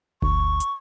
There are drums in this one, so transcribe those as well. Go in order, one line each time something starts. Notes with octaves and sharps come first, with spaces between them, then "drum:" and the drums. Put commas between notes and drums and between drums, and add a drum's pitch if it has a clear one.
D2 C#6, drum: kick G1
drum: hi-hat